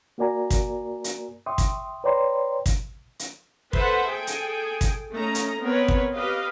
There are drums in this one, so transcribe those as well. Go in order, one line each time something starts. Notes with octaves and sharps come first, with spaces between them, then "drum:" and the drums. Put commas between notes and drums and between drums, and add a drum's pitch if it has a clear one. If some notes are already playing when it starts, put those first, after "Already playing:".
A#3 F#4 A#4 D5 G#5 A#5
drum: kick, hi-hat
drum: hi-hat
E5 G5 C6 C#6 D#6
drum: kick, hi-hat
B4 C#5 D5 G5 A#5 C6
drum: kick, hi-hat
drum: hi-hat
A4 B4 C5 E5 F#5 A5, drum: kick
G#4 A4 G5 G#5
drum: hi-hat
drum: kick, hi-hat
A3 C#4 D#5 A#5
drum: hi-hat
B3 C4 A#4 B4 C#5
drum: kick
G4 B4 D#5 F5